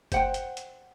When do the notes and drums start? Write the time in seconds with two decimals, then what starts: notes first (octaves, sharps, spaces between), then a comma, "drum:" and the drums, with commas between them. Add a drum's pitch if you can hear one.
0.12 C5 F#5 G5, drum: kick F#1, hi-hat
0.34 drum: hi-hat
0.57 drum: hi-hat